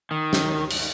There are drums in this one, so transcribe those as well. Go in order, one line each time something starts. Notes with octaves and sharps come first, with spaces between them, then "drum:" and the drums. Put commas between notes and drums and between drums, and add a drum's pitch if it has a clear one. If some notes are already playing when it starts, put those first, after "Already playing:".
D#3
drum: snare
drum: cymbal